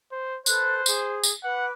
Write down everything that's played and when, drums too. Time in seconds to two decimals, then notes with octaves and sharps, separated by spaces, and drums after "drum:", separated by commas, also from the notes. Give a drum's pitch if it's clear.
0.12 C5
0.46 A4 B4 C5 F#6, drum: tambourine
0.86 G#4, drum: tambourine
1.23 drum: tambourine
1.43 B4 F#5 D6